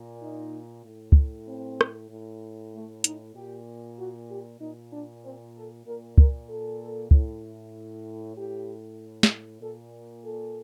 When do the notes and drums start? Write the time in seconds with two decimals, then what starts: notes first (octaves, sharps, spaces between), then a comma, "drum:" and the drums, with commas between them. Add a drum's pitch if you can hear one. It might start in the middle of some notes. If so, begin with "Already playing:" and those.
Already playing: A#2
0.22 D#4
0.86 A2
1.12 drum: kick
1.48 C4
1.81 drum: rim click
2.11 A2
2.73 A3
3.04 D#4, drum: hi-hat
3.35 A#2 G4
3.98 F#4
4.29 G4
4.60 A#2 D#4
4.92 D4
5.23 C4
5.55 A4
5.86 A#2 A#4
6.18 A#4, drum: kick
6.48 A4
7.11 A2, drum: kick
8.36 A2 G4
9.23 drum: snare
9.61 A#2 A4
10.24 A4